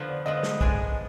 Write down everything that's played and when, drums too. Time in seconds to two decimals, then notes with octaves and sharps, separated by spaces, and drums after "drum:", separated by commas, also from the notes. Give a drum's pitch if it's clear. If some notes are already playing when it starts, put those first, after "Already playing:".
Already playing: D3 F3 B3
0.09 D5
0.26 D3 F3 B3 D#5
0.43 drum: snare
0.61 G#3 D4 G#4, drum: kick B1